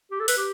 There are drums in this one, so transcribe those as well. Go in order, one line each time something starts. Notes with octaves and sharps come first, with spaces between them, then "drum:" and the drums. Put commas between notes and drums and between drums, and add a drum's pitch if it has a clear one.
G4
A4
B4, drum: open hi-hat
G4